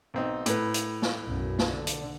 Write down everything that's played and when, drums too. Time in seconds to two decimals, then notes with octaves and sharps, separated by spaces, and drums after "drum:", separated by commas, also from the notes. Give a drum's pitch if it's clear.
0.14 B1 C4 D#4
0.46 A2 B4, drum: hi-hat
0.74 drum: hi-hat
1.02 drum: snare
1.23 B1 F#2
1.59 drum: snare
1.69 D3
1.87 drum: hi-hat